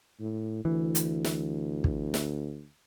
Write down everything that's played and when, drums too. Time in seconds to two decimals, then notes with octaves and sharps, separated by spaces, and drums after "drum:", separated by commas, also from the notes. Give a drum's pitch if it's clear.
0.20 A2
0.65 D2 E3
0.95 drum: hi-hat
1.25 drum: snare
1.84 drum: kick
2.14 drum: snare